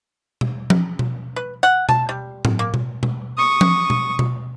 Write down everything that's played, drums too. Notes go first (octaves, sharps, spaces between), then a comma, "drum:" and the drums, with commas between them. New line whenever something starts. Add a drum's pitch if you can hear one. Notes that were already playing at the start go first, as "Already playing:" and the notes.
drum: tom B2
drum: tom F3
drum: tom B2
B4
F#5
A5, drum: tom B2
G3
drum: tom A2
A#3
drum: tom B2
drum: tom B2
C#6 D#6
drum: tom F3
drum: tom B2
drum: tom B2